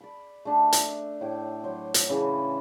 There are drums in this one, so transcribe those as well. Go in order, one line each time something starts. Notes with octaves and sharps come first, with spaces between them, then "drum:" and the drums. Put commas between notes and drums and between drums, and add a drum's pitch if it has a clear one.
D5 B5
A3 D4 E5
drum: hi-hat
A2 G5 D6
F#3 C5
drum: hi-hat
C#3 E3 C#4